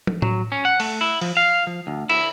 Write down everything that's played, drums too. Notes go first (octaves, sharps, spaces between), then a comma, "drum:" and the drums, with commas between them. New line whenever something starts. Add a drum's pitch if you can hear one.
drum: tom
F#3, drum: tom A2
C#4
F#5
A3, drum: open hi-hat
E4
F3, drum: open hi-hat
F5
F3
D2
E4, drum: cymbal